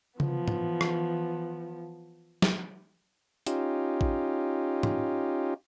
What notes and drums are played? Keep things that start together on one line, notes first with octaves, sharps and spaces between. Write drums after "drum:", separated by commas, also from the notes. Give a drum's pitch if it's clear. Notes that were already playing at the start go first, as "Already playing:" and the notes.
E3 F3 B3, drum: tom C#3
drum: tom G#2
drum: rim click
drum: snare
C#4 D#4 F4 G4, drum: hi-hat
drum: kick A1
drum: tom G#2